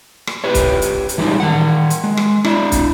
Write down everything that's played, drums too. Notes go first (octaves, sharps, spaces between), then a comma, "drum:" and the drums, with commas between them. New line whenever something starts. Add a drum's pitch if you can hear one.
drum: rim click
G4 B4 C#5
drum: kick, hi-hat
drum: hi-hat
drum: hi-hat
E3 G3 G#3 D#4
D#3 F#5
drum: hi-hat
G#3
drum: rim click
D4 E4, drum: rim click
drum: kick, hi-hat